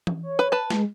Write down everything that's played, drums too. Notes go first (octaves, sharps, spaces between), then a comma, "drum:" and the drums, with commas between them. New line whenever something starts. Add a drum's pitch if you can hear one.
drum: tom E3
C#5
B4
B4 A5
G#3, drum: snare